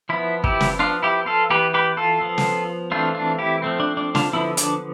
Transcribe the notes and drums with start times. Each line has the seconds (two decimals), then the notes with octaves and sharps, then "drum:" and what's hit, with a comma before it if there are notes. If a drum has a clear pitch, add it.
0.09 F3 B3 E4
0.44 E4 G4, drum: kick
0.61 drum: snare
0.79 F3 B3 D4 F4
1.03 E4 G4
1.26 F4 A4
1.50 E3 B3 G4 B4
1.74 G4 B4
1.97 F4 A4
2.21 F3 B3
2.38 drum: snare
2.91 E3 A3 C4 D4 F4
3.15 D4 F4
3.39 E4 G4
3.62 F3 A3 C4
3.80 D4
3.97 D4
4.15 D4 F4, drum: snare
4.33 D3 F3 B3 E4
4.57 D4, drum: hi-hat